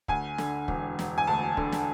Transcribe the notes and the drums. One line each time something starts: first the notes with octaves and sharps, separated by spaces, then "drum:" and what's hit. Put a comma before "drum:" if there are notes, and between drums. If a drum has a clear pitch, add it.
D2 G#5, drum: kick
D3, drum: snare
E1, drum: kick
E1, drum: snare
G#5
D2 A5
D3, drum: kick
drum: snare